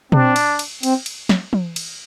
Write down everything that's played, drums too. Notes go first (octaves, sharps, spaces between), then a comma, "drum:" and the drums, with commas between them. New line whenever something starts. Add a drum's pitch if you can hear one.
C4 D4, drum: tom
drum: cymbal
drum: cymbal
C4, drum: cymbal
drum: cymbal
drum: snare
drum: tom
drum: cymbal